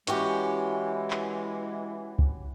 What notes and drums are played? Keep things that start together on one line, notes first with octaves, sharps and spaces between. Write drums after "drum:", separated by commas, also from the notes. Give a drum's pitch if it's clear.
E3 G#3 C#4 F#4 G4, drum: hi-hat
drum: clap
drum: kick C#2